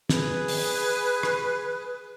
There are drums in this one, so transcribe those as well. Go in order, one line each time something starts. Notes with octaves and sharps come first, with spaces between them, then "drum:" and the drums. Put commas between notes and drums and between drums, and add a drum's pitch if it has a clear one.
G#4 B4, drum: snare
drum: open hi-hat
drum: rim click